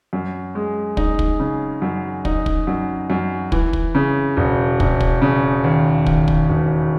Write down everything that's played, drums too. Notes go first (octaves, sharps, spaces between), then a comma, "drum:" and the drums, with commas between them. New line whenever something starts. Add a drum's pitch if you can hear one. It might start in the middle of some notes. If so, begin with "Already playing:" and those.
F#2
G#3
D#4, drum: kick
drum: kick
C#3
F#2
D#4, drum: kick
drum: kick
F#2
F#2
E3, drum: kick
drum: kick
C#3
E1
E1, drum: kick
drum: kick
C#3
D#2
D#2, drum: kick
drum: kick
E1